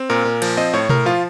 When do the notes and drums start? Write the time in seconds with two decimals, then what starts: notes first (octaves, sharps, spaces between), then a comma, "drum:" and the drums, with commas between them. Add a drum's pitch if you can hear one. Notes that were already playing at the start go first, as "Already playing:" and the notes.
Already playing: C4
0.10 A#2 A#4
0.25 A#2
0.42 F3, drum: cymbal
0.57 C4 D#5
0.73 A2 C#5
0.89 A2 A#4, drum: tom B2
1.06 F3 F4